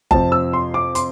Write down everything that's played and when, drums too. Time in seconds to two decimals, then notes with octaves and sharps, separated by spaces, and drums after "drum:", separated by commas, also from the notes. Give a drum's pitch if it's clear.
0.11 F2 C3 F3 C4 A5, drum: kick F#1
0.32 E6
0.53 C6
0.74 D6
0.95 C6, drum: hi-hat